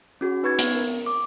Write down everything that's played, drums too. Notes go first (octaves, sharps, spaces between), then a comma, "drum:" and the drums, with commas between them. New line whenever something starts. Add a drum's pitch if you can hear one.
C#4 F#4 G#4
D#4 B4 C#6 G#6 A6
B3, drum: hi-hat
A#4
D6